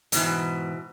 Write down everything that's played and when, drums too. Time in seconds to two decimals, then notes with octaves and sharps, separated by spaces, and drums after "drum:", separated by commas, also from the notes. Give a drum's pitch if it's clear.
0.12 G#2 B2 E3, drum: hi-hat